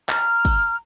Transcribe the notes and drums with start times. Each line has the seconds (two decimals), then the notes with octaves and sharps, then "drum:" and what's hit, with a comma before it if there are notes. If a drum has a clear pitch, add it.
0.09 A#5 F6, drum: clap
0.45 drum: kick, open hi-hat